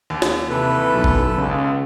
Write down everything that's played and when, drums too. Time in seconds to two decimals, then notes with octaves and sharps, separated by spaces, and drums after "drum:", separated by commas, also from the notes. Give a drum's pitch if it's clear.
0.10 D#2
0.22 drum: snare
0.50 C3 E3 A4 B4
0.93 B1
1.04 drum: kick G1
1.37 C#2 C#3